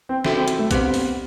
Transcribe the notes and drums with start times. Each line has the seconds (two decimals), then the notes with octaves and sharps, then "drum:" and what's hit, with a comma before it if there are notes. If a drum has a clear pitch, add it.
0.09 C4
0.24 C4 D4 F#4 A4 E5, drum: snare
0.36 C4
0.48 drum: hi-hat
0.59 A3
0.71 B3 C4 G4 C5 F#5, drum: kick, hi-hat
0.94 drum: open hi-hat